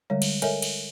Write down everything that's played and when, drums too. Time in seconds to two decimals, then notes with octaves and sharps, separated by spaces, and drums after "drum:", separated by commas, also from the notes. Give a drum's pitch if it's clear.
0.10 D3 G3 G#3 C#5
0.22 drum: cymbal
0.42 A4 A#4 C#5 D#5 E5 G#5, drum: cymbal
0.62 drum: cymbal